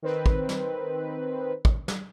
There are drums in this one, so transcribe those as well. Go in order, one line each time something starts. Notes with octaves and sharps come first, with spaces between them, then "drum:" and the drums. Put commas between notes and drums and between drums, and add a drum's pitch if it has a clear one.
D#3 C4 B4
drum: kick
drum: snare
drum: kick
drum: snare